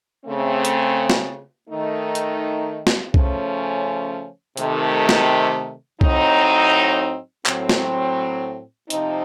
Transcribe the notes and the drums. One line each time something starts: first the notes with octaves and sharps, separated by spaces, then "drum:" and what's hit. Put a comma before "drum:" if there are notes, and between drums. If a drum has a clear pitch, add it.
C#3 A3 C4
drum: hi-hat
drum: snare
D#3 A3 D#4
drum: hi-hat
drum: snare
C#3 F3 A3 C#4, drum: kick C2
C3 D#3 A3, drum: hi-hat
drum: snare
A2 F#3 C4 D#4, drum: kick C2
A2 F#3 C4, drum: clap
drum: snare
C3 F3 C4 D#4, drum: hi-hat